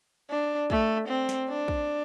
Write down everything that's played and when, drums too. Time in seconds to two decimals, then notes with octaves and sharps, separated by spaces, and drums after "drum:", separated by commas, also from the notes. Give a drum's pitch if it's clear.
0.30 D4
0.70 A3, drum: kick
1.09 C4
1.29 drum: snare
1.49 D4
1.68 drum: kick